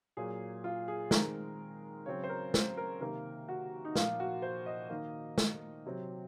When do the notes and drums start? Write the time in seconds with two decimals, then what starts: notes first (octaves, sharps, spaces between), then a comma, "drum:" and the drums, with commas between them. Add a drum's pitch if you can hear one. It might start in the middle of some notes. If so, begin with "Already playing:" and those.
0.17 A#2 F#3 A#3 G#4
0.64 F4
0.88 G#4
1.11 D#3 G#3 C4 A#4, drum: snare
2.06 C#3 F#3 C4 C#5
2.24 C5
2.29 A#4
2.54 C5, drum: snare
2.77 A#4
3.00 C3 D#3 A#3 A#4
3.49 F#4
3.85 D#4
3.95 A#2 F3 A#3 F4, drum: snare
4.20 F#4
4.42 C5
4.66 D#5
4.90 D#3 A#3
5.38 drum: snare
5.86 C3 F#3 C4